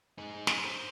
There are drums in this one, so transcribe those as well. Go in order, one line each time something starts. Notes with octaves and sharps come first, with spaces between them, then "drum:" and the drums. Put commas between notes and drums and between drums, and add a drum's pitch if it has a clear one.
D#4 G#4
drum: snare
C5